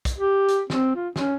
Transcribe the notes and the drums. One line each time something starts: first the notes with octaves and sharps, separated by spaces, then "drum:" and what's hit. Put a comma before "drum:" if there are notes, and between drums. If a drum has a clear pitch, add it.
drum: kick, hi-hat
G4
drum: hi-hat
C4, drum: snare
F4
C#4, drum: snare